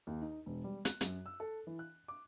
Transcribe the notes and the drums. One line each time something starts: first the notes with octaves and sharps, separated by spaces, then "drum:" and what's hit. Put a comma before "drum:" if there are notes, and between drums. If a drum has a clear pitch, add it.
D#2
D#4
E1
G3
F#6, drum: hi-hat
F#2, drum: hi-hat
E6
A4
E3
F#6
D6